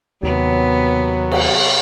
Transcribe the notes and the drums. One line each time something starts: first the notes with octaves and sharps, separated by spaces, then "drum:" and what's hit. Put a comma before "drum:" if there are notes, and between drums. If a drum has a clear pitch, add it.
D#2 C3 F#3 B3
drum: cymbal